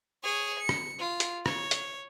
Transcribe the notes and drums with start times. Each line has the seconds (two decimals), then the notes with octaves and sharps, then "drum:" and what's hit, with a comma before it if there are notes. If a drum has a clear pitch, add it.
0.23 G#4 C#5
0.59 C#7
0.69 drum: rim click
0.99 F4
1.20 drum: hi-hat
1.46 C#5, drum: rim click
1.71 drum: hi-hat